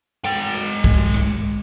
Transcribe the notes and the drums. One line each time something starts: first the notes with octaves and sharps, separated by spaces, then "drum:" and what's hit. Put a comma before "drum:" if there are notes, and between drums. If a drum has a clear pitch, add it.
G#3 G5, drum: rim click
drum: rim click
drum: kick
drum: rim click